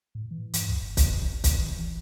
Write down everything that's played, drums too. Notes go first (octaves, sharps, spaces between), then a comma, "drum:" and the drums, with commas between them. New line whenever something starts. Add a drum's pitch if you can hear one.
A2
E3
G2, drum: hi-hat
C#2
F#1
E2, drum: kick, hi-hat
F#1
A#1
C#2, drum: kick, hi-hat
E3
F#1